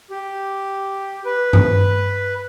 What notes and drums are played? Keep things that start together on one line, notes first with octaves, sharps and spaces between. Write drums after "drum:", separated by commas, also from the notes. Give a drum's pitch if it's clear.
G4
B4
drum: tom G2